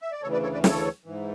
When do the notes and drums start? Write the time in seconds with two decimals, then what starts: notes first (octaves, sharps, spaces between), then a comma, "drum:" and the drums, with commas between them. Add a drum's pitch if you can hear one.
0.02 E5
0.12 D5
0.23 D2 C#3 E3 A4 C#5
0.33 B4 D5
0.43 A4 C#5
0.53 B4 D5
0.64 A4 C#5, drum: snare
1.05 G#2 E3